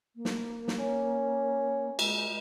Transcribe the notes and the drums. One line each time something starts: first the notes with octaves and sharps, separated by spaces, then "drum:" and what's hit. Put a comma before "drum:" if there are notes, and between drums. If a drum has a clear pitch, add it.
A#3
drum: snare
drum: snare
C#4
G#3, drum: cymbal